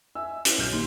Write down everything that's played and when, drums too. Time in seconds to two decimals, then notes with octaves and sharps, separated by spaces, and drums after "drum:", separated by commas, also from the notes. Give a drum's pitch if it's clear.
0.15 E5 G#5 E6
0.45 C#4 E4 B4, drum: hi-hat
0.58 B1 F6 G6
0.73 D#2 C6